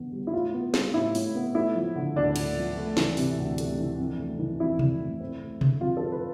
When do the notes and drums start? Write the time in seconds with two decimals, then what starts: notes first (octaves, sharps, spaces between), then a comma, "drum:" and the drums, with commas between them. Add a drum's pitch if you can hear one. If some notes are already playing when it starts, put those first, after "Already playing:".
Already playing: E2 D3 B3
0.13 G3
0.27 E4
0.33 A2 F4
0.54 B3
0.74 G3, drum: snare
0.93 A2 E4
1.15 A2, drum: open hi-hat
1.35 B3
1.54 A3 E4
1.75 F3
1.96 D3
2.15 D2 D4
2.36 A3, drum: cymbal
2.57 F3
2.77 A3
2.97 E3, drum: snare
3.17 C3, drum: open hi-hat
3.38 D2
3.58 A3, drum: hi-hat
3.79 E3
3.99 F2
4.20 A3
4.39 E3
4.60 F2 E4
4.79 F2, drum: tom B2
5.01 A3
5.20 C4
5.41 A3
5.61 D3, drum: tom B2
5.81 F2 F4
5.97 C4 A4
6.12 B4